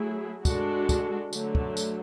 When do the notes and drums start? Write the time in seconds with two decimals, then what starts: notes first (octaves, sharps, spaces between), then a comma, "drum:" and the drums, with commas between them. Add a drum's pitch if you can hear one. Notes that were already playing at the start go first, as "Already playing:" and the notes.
Already playing: F#3 A3 E4 G#4
0.45 G#3 D4 F#4 A4, drum: kick, tambourine
0.89 drum: kick, tambourine
1.33 D3 F#3 A3, drum: tambourine
1.55 drum: kick
1.77 drum: tambourine